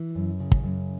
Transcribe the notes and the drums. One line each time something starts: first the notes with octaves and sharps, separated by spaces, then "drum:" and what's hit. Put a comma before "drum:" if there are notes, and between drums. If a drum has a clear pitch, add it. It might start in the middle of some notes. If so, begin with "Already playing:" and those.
Already playing: E3
F#2
C#3
drum: kick
F#2